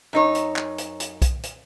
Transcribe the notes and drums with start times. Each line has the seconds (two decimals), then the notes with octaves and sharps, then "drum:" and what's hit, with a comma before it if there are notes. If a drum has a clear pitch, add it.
0.13 F#2 D#4 C#5
0.35 drum: hi-hat
0.56 drum: clap
0.78 drum: hi-hat
1.00 drum: hi-hat
1.22 drum: kick B1, hi-hat
1.43 drum: hi-hat